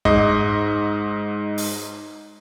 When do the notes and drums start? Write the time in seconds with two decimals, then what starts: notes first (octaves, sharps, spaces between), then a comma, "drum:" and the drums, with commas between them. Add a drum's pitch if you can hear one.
0.05 G#2 D#5, drum: kick
1.58 drum: open hi-hat